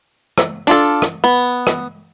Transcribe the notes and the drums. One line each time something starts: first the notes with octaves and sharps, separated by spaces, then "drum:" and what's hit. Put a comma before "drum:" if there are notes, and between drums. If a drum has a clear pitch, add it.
drum: rim click
D4 F4 A4
drum: rim click
B3
drum: rim click